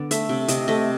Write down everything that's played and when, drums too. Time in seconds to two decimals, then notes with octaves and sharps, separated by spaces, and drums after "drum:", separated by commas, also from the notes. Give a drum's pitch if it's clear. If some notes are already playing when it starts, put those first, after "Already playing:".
Already playing: D3 B3 D5
0.11 A3 E5, drum: hi-hat
0.29 C3
0.48 C3 D#5, drum: hi-hat
0.68 A3 D#5